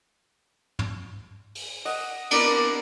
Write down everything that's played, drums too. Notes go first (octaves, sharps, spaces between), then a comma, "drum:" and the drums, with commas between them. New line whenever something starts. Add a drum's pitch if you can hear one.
drum: tom
drum: open hi-hat
D#5 F#5, drum: open hi-hat
D4 A#4 B4 D5, drum: cymbal